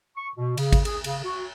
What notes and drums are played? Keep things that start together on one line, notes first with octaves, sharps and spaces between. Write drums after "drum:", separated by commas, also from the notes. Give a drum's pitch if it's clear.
C#6
B2
C#3, drum: cymbal
drum: kick G#1, cymbal
G#4, drum: cymbal
C#3, drum: cymbal
F#4